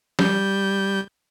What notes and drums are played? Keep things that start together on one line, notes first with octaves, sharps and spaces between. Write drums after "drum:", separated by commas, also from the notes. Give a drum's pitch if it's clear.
G3 G6, drum: snare